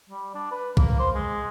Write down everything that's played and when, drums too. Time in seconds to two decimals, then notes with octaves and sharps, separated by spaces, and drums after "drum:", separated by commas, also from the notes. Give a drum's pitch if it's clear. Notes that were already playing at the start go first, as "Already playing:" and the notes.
0.10 G3
0.35 D4
0.51 B4
0.77 A#3, drum: kick
1.00 C5
1.15 G#3